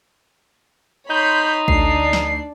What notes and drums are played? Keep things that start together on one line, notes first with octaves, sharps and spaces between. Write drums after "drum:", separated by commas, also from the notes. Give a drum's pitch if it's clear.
D#4 C#5 B5 C6 G6
D2 D4 D5 C7, drum: kick
drum: snare